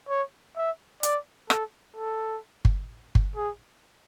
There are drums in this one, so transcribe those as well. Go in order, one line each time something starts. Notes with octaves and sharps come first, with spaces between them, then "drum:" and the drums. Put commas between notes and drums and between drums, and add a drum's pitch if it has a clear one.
C#5
E5
D5, drum: hi-hat
A4, drum: rim click
A4
drum: kick G1
drum: kick G1
G#4